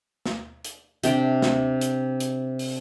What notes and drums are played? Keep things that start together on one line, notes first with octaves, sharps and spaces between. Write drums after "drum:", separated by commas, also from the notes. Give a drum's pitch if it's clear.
drum: snare
drum: hi-hat
C3 D4 G5, drum: hi-hat
drum: snare
drum: hi-hat
drum: hi-hat
drum: open hi-hat